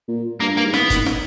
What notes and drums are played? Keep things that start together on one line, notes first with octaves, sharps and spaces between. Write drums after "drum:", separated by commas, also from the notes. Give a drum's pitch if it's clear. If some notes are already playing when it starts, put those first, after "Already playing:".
A#2
G2 A#3
A#3
G#2
B3, drum: snare
E3
D#3, drum: kick F#1, hi-hat
drum: snare